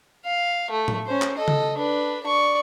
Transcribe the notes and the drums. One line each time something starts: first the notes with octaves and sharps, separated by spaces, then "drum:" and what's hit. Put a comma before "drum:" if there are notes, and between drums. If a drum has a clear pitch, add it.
F5
A3
drum: tom A2
C#4 C5
drum: clap
A4 D#5
drum: tom C#3
D4 B4
D5 C#6